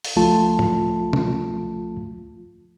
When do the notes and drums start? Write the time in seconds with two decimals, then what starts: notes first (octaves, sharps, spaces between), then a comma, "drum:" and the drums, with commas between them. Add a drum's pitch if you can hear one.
0.04 drum: open hi-hat
0.16 C#2 F3 A3 F4 A5
0.59 drum: tom A2
1.13 drum: tom